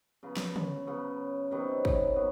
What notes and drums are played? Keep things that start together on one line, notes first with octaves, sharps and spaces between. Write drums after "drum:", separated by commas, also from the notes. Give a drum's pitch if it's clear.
C#3 F#3 B3
drum: snare
drum: tom
C#3 F#3 B3
C3 D#3 F#3 B3
drum: kick
F#3 B3